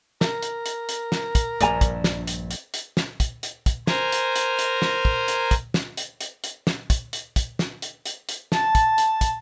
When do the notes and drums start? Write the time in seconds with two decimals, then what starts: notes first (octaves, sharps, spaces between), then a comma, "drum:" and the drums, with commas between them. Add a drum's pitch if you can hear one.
0.21 A#4, drum: snare
0.42 drum: hi-hat
0.66 drum: hi-hat
0.89 drum: hi-hat
1.12 drum: snare
1.35 drum: kick, hi-hat
1.61 A#1 G2 D5 G#5 A#5, drum: hi-hat
1.81 drum: kick, hi-hat
2.04 drum: snare
2.27 drum: hi-hat
2.51 drum: hi-hat
2.74 drum: hi-hat
2.97 drum: snare
3.20 drum: kick, hi-hat
3.43 drum: hi-hat
3.66 drum: kick, hi-hat
3.87 A#4 C5 G#5 A#5, drum: snare
4.12 drum: hi-hat
4.36 drum: hi-hat
4.59 drum: hi-hat
4.82 drum: snare
5.05 drum: kick
5.28 drum: hi-hat
5.51 drum: kick, hi-hat
5.74 drum: snare
5.97 drum: hi-hat
6.21 drum: hi-hat
6.44 drum: hi-hat
6.67 drum: snare
6.90 drum: kick, hi-hat
7.13 drum: hi-hat
7.36 drum: kick, hi-hat
7.59 drum: snare
7.82 drum: hi-hat
8.06 drum: hi-hat
8.29 drum: hi-hat
8.52 A5, drum: snare
8.75 drum: kick, hi-hat
8.98 drum: hi-hat
9.21 drum: kick, hi-hat